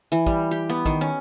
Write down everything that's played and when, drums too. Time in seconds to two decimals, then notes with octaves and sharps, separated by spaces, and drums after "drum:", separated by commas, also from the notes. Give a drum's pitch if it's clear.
0.12 E3
0.26 G3, drum: kick
0.51 G4
0.69 B3
0.86 D#3, drum: kick
1.01 C#4